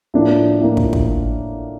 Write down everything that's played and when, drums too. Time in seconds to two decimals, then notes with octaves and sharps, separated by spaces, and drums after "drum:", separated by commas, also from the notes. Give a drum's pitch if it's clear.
0.14 A2 F3 A#3 D4
0.61 A2 F3 A#3 D4
0.77 drum: kick
0.93 drum: kick